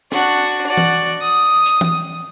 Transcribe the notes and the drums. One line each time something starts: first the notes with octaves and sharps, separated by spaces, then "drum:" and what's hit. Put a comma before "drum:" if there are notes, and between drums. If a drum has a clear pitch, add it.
D4 F#4, drum: snare
F#4 D5
drum: tom E3
D#6
drum: hi-hat
drum: tom E3